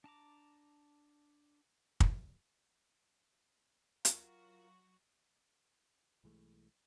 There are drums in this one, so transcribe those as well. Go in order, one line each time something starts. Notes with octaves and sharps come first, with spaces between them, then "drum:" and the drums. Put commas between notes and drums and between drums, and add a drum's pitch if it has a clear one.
D4 A5 A#5 D6
drum: kick
F#3 F4 F#4 A#4, drum: hi-hat
B1 E3 G#3 A3